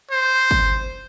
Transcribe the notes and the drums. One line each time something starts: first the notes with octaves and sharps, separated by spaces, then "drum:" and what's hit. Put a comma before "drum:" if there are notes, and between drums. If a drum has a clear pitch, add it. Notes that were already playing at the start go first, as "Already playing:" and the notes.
C5
drum: kick